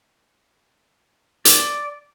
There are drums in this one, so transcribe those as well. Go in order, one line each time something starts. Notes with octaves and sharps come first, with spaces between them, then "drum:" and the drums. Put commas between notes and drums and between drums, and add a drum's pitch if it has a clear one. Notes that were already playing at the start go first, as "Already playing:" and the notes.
D5, drum: hi-hat